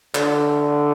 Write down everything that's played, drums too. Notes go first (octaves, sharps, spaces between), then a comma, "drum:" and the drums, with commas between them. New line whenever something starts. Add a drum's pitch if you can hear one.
D3, drum: clap